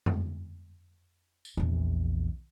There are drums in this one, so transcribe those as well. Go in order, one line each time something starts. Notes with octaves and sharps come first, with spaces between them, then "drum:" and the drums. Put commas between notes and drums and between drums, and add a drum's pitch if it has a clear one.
drum: tom F2
drum: tambourine
A#1 E2